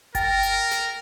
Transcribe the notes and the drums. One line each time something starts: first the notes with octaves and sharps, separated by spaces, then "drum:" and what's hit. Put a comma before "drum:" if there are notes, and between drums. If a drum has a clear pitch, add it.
A#4 G5 A6, drum: kick G1, hi-hat
drum: hi-hat
drum: snare